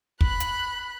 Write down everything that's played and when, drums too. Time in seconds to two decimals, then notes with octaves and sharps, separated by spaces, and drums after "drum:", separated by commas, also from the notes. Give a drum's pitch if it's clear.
0.21 B5 F#6, drum: kick
0.40 drum: hi-hat